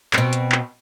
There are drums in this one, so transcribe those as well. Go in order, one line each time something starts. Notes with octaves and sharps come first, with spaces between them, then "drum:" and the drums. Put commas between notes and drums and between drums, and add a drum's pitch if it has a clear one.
B2 C4, drum: clap
drum: hi-hat
drum: clap